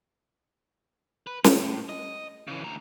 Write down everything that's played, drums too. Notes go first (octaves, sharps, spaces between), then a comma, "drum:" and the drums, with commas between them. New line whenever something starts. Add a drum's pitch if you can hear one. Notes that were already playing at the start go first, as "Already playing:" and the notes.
B4
A2, drum: snare
D#5
C#3 E3
D2 A#5